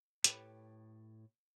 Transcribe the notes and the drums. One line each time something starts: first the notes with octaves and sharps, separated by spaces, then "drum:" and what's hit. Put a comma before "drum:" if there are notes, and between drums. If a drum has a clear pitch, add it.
A2 G4 A4 B4, drum: hi-hat